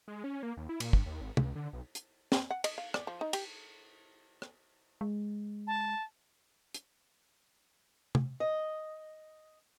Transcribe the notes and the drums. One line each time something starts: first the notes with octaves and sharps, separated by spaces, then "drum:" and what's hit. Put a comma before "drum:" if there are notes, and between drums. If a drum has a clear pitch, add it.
G#3
C#4
A#3
D#2
E4
A#2, drum: cymbal
G2, drum: kick
D#2
G#1
C#2, drum: tom
D3
B1
drum: hi-hat
drum: snare
F#5
D#5, drum: cymbal
F5
D5, drum: rim click
F3
D#4
G4, drum: cymbal
drum: rim click
G#3
A5
drum: hi-hat
drum: tom
D#5